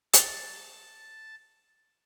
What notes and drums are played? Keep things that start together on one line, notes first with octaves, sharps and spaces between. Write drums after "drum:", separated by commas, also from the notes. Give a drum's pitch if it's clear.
A5 A6, drum: hi-hat